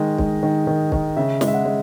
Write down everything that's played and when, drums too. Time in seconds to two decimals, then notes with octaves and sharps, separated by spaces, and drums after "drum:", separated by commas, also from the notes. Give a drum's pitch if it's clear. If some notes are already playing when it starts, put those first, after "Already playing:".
Already playing: D#3 G#3 D#5
0.18 G#3, drum: kick
0.43 D#3
0.67 D#3
0.92 D#3, drum: kick
1.16 C#3 E5
1.41 G#3, drum: snare
1.48 E5
1.54 F#5
1.65 G#3